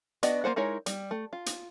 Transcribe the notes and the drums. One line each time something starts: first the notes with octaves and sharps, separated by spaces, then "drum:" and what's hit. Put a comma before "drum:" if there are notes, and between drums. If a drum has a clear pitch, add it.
B3 D4 F#4 D5 D#5, drum: hi-hat
A#3 F4 C5 F#5
G#3 D#4 E4 A#4 C#5
G3, drum: hi-hat
A3
F4
drum: hi-hat